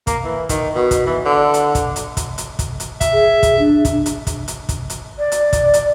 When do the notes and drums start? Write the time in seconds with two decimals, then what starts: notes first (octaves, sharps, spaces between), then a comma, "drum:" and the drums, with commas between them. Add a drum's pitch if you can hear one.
0.07 A#3, drum: kick, hi-hat
0.24 E3
0.49 D#3, drum: kick, hi-hat
0.75 B2
0.91 drum: kick, hi-hat
1.06 E3
1.25 D3
1.54 drum: hi-hat
1.75 drum: kick, hi-hat
1.96 drum: hi-hat
2.17 drum: kick, hi-hat
2.38 drum: hi-hat
2.59 drum: kick, hi-hat
2.80 drum: hi-hat
3.01 E5, drum: kick, hi-hat
3.13 G#4
3.43 drum: kick, hi-hat
3.59 D4
3.85 drum: kick, hi-hat
4.06 drum: hi-hat
4.27 drum: kick, hi-hat
4.48 drum: hi-hat
4.69 drum: kick, hi-hat
4.90 drum: hi-hat
5.19 D5
5.32 drum: hi-hat
5.53 drum: kick, hi-hat
5.74 drum: hi-hat